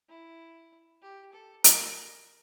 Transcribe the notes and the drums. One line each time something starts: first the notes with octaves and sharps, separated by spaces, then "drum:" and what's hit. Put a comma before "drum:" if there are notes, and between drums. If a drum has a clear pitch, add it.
E4
G4
A4
A#4, drum: hi-hat